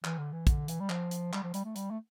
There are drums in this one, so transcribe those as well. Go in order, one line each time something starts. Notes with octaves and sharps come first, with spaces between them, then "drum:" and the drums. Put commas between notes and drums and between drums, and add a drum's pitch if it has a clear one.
E3, drum: clap
D3
E3
D3, drum: kick, hi-hat
E3, drum: hi-hat
G3
F3, drum: clap
drum: hi-hat
G3, drum: clap
F3
G3, drum: hi-hat
A3
G3, drum: hi-hat
A3